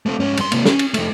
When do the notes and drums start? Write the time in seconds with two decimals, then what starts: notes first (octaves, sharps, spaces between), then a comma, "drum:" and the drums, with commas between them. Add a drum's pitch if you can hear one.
0.06 A3 C4
0.20 G#2 C#4
0.37 G2 C6, drum: cymbal
0.52 C3 A#3, drum: cymbal
0.65 C#4, drum: snare
0.79 drum: cymbal
0.94 F2 A3, drum: cymbal